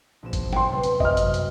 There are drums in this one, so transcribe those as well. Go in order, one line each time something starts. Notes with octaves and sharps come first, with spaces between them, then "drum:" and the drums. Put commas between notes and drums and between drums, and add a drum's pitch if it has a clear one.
A#1 C4 E7
drum: kick, hi-hat
G5 C6, drum: snare
C3 G3 B3
drum: hi-hat
F#2 D#5 F6, drum: kick
drum: hi-hat
drum: hi-hat